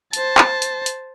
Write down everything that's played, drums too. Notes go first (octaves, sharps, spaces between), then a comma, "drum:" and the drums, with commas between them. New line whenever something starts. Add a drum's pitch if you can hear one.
C5 A5, drum: hi-hat
drum: clap
drum: hi-hat
drum: hi-hat